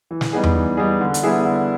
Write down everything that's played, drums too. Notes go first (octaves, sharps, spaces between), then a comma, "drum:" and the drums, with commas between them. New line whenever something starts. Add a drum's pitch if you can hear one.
E3
drum: snare
G3 B3 D#4 G#4
drum: tom E2
E3
G3 B3 D#4 G#4
D3
drum: hi-hat
G3 B3 E4 G#4
D3